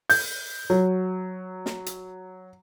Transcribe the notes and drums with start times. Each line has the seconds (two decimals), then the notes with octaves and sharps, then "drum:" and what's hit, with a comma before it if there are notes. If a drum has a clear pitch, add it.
0.10 G6, drum: open hi-hat
0.70 F#3
1.66 drum: snare
1.86 drum: hi-hat